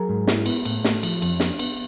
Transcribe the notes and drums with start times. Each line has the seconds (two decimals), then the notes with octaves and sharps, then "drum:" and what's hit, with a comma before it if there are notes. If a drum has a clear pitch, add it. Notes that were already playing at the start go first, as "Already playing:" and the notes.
Already playing: F#3 G#4 A#4
0.09 G#2
0.27 E4, drum: snare
0.46 B3, drum: cymbal
0.65 A2, drum: cymbal
0.84 A3, drum: snare
1.03 F3, drum: cymbal
1.22 F2, drum: cymbal
1.40 D4, drum: snare
1.59 B3, drum: cymbal